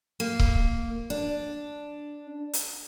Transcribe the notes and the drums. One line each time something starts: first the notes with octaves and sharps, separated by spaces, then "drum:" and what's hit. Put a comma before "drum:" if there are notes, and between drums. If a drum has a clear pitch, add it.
A#3
drum: kick C#1
D4
drum: hi-hat